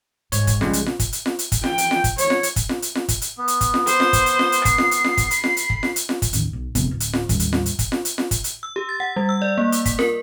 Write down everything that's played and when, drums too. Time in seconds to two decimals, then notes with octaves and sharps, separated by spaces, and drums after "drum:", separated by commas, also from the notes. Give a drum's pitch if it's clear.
0.32 G#2 C#5, drum: hi-hat
0.47 drum: kick, hi-hat
0.61 B1 C#3 F3 G3 G#3, drum: snare F4
0.73 drum: hi-hat
0.86 drum: snare F4
0.99 drum: kick, hi-hat
1.13 drum: hi-hat
1.26 drum: snare F4
1.39 drum: hi-hat
1.52 drum: kick, hi-hat
1.64 G5, drum: snare F4
1.78 drum: hi-hat
1.91 drum: snare F4
2.04 drum: kick, hi-hat
2.18 C#5, drum: hi-hat
2.30 drum: snare F4
2.43 drum: hi-hat
2.56 drum: kick, hi-hat
2.69 drum: snare F4
2.82 drum: hi-hat
2.95 drum: snare F4
3.08 drum: kick, hi-hat
3.22 drum: hi-hat
3.38 B3
3.48 drum: hi-hat
3.61 drum: kick, hi-hat
3.74 drum: snare F4
3.87 C5, drum: hi-hat
4.00 drum: snare F4
4.13 drum: kick, hi-hat
4.26 drum: hi-hat
4.39 drum: snare F4
4.52 drum: hi-hat
4.65 C7, drum: kick, hi-hat
4.78 drum: snare F4
4.91 drum: hi-hat
5.04 drum: snare F4
5.17 drum: kick, hi-hat
5.31 B5, drum: hi-hat
5.44 drum: snare F4
5.57 drum: hi-hat
5.70 drum: kick
5.83 drum: snare F4
5.96 drum: hi-hat
6.09 drum: snare F4
6.22 drum: kick, hi-hat
6.33 A1 D#2, drum: hi-hat
6.53 B1
6.75 G1 F2 C3 B3, drum: kick, hi-hat
6.91 D1
7.00 drum: hi-hat
7.13 drum: snare F4
7.29 A1 D#2 G3, drum: kick, hi-hat
7.40 drum: hi-hat
7.53 drum: snare F4
7.66 drum: hi-hat
7.79 drum: kick, hi-hat
7.92 drum: snare F4
8.05 drum: hi-hat
8.18 drum: snare F4
8.31 drum: kick, hi-hat
8.44 drum: hi-hat
8.63 E6
8.76 G4
8.89 A6
9.00 F#5
9.16 G3
9.29 E6
9.42 D5
9.58 A#3
9.72 D6, drum: hi-hat
9.85 B6, drum: kick, hi-hat
9.99 A#4, drum: snare F4